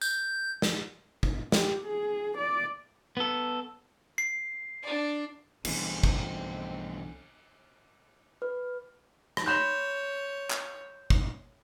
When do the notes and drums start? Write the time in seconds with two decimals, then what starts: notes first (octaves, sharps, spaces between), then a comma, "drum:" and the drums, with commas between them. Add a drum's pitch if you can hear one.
0.02 G6, drum: tambourine
0.62 drum: snare
1.23 drum: kick
1.52 G4, drum: snare
1.84 G#4
2.38 D5
3.17 B3 A4
4.18 C7
4.83 D4 D5
5.65 B1 G2 B2 D3 E3 B3 C4, drum: cymbal
6.04 drum: kick
8.42 B4
9.37 drum: rim click
9.46 C#5 B5 C6 F#6 G6 E7
10.50 drum: clap
11.10 drum: kick